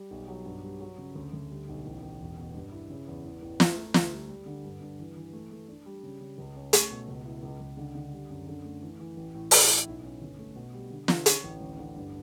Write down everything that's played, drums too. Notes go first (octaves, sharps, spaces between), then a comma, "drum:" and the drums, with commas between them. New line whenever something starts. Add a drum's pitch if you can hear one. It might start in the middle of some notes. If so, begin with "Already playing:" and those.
Already playing: G3
B1
F#3
G2
G3
F#3
C#3
D2
D2
G3
B1
A1
A1
E1
B2
G2
E4
C#3
E2
A1
A1
A3, drum: snare
A3
D2, drum: snare
G3
G3
D3
G2
G2
E3
E3
A3
A3
D4
G3
C#3
C#3
C#2
C#4
A3, drum: hi-hat
B2
C#2
E4
C#2
C#2
D3
D3
G3
F#2
D3
A3
E3
E3
A1
A2
E4, drum: open hi-hat
E4
B1
C#4
G1
A3
B2
G3
D3
D3, drum: snare
C#4, drum: hi-hat
A1
D2
D3
G2